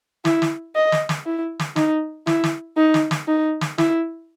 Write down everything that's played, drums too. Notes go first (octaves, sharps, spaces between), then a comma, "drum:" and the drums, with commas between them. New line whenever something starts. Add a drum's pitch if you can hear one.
E4, drum: snare
drum: snare
D#5
drum: snare
drum: snare
E4
drum: snare
D#4, drum: snare
E4, drum: snare
drum: snare
D#4
drum: snare
drum: snare
D#4
drum: snare
E4, drum: snare